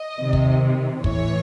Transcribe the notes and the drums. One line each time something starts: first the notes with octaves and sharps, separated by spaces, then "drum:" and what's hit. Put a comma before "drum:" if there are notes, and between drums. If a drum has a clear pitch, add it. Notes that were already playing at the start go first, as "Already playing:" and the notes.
Already playing: D#5
C3 D#3
drum: kick
A2 E3 C#5, drum: kick